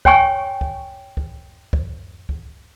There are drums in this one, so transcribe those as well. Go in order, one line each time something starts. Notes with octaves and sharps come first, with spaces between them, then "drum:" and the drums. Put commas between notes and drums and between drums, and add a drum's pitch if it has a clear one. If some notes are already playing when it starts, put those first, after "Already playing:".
C#5 G5 G#5 C#6, drum: kick
drum: kick
drum: kick
drum: kick
drum: kick